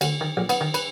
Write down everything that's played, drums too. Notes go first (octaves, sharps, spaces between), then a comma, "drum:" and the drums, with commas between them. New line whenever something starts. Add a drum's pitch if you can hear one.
D2, drum: cymbal
D#3
A#1
B3, drum: cymbal
D#3
B4, drum: cymbal